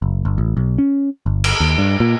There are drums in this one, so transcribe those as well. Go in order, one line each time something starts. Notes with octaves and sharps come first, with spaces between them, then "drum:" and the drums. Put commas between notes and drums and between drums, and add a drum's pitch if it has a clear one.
F#1
G1
A1
B1
C#4
G1
drum: cymbal
D#2
G2
A#2